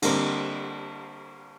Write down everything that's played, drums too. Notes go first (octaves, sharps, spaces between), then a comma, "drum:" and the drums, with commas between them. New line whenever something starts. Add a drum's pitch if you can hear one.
D3 G3 A#3 C4, drum: cymbal